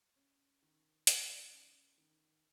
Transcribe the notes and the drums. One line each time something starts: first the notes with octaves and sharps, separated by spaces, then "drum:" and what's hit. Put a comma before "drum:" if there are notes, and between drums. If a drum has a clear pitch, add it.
C#4
D#3
D#3, drum: hi-hat
C#4
D#3